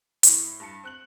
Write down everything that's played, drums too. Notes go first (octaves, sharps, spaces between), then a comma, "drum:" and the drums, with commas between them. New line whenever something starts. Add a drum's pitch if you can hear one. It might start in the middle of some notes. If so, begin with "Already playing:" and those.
A2, drum: hi-hat
G2 A5 C#7
C4 F#6 F#7